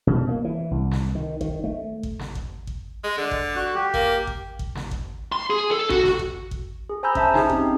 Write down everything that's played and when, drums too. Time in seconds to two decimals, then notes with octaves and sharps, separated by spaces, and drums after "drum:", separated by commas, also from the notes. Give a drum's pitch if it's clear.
0.07 B2
0.29 A#3
0.44 E3
0.71 C2
0.91 drum: snare
1.15 D#3
1.41 D#3, drum: kick G#1
1.64 A3
2.03 drum: kick G#1
2.19 drum: snare
2.35 drum: kick G#1
2.67 drum: kick G#1
3.04 G#3
3.17 D3 D5
3.31 drum: kick G#1
3.56 F#4 F#6
3.75 G4
3.94 A#3, drum: kick G#1
4.27 drum: kick G#1
4.59 drum: kick G#1
4.75 drum: snare
4.91 drum: kick G#1
5.32 C6
5.50 G#4
5.71 A4
5.90 F#4, drum: kick G#1
6.03 drum: snare
6.19 drum: kick G#1
6.51 drum: kick G#1
6.89 G#4
7.03 C5 G#5 A#5 B5 E6 G6
7.15 C#4 E5 A5, drum: kick G#1
7.34 C#4 D#4 G#4, drum: snare
7.50 C4 G4, drum: kick G#1